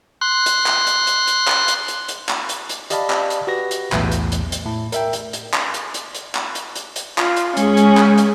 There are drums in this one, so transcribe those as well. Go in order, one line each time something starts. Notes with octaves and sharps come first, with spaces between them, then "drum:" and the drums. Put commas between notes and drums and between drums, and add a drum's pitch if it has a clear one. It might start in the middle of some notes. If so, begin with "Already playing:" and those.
C6 F#6
drum: hi-hat
drum: clap
drum: hi-hat
drum: hi-hat
drum: hi-hat
drum: clap
drum: hi-hat
drum: hi-hat
drum: hi-hat
drum: clap
drum: hi-hat
drum: hi-hat
G4 D5 D#5 F5 A5 B5, drum: hi-hat
drum: clap
drum: hi-hat
F#4 G4 B4 A#6
drum: hi-hat
B1 E2 A2, drum: clap
drum: hi-hat
drum: hi-hat
drum: hi-hat
A2
A#4 E5 G5, drum: hi-hat
drum: hi-hat
drum: hi-hat
drum: clap
drum: hi-hat
drum: hi-hat
drum: hi-hat
drum: clap
drum: hi-hat
drum: hi-hat
drum: hi-hat
F4, drum: clap
drum: hi-hat
G#3 C#4 G#4, drum: hi-hat
drum: hi-hat
drum: clap
drum: hi-hat